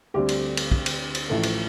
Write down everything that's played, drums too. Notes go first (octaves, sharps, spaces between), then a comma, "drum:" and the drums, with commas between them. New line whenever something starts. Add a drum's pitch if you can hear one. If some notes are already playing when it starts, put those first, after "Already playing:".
D2 D3 G3 C4 G4
drum: cymbal
drum: cymbal
drum: kick
drum: cymbal
drum: cymbal
A1 A2 F3 A3 A4
drum: cymbal